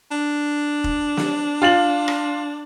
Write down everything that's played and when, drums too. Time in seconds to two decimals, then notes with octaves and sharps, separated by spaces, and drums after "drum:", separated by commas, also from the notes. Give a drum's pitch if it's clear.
0.11 D4
0.84 drum: kick F1
1.17 drum: snare
1.62 F4 A6 F#7
2.08 drum: rim click